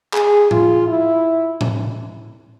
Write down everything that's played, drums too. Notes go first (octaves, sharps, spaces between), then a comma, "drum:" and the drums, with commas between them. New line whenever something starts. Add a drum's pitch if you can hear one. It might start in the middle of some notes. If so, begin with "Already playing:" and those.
G#4, drum: clap
F4, drum: tom A2
E4
drum: tom A2